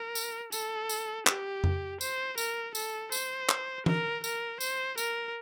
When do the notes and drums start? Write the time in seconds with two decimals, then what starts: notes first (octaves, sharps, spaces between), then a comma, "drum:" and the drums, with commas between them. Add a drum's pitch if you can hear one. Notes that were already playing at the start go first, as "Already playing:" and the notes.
Already playing: A#4
0.15 drum: tambourine
0.52 A4, drum: tambourine
0.89 drum: tambourine
1.27 G4, drum: clap
1.64 drum: tom F2
2.01 C5, drum: tambourine
2.38 A#4, drum: tambourine
2.75 A4, drum: tambourine
3.12 C5, drum: tambourine
3.49 drum: clap
3.86 A#4, drum: tom E3
4.24 A#4, drum: tambourine
4.61 C5, drum: tambourine
4.98 A#4, drum: tambourine